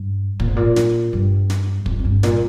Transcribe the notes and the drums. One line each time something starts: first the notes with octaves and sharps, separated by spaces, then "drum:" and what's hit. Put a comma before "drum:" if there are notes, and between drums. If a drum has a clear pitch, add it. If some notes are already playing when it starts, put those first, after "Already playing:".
Already playing: G2
A#2, drum: kick
G#2
A#2
drum: snare
G2
drum: snare
F2, drum: kick
F2
G2
A#2, drum: snare